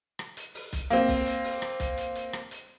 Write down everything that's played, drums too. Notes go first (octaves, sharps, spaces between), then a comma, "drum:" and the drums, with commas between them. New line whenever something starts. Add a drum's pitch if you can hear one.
drum: rim click
drum: hi-hat
drum: open hi-hat
drum: kick B1, hi-hat
A#3 C4, drum: hi-hat
drum: kick B1, open hi-hat
drum: hi-hat
drum: open hi-hat
drum: rim click
drum: kick B1, hi-hat
drum: hi-hat
drum: hi-hat
drum: rim click
drum: hi-hat